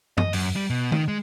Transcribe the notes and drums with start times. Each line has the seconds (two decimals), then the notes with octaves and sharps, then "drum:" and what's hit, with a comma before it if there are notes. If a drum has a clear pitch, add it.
0.18 D#5, drum: tom F#2
0.33 F#2, drum: open hi-hat
0.56 G3
0.70 B2
0.92 D#3, drum: tom D#3
1.08 G#3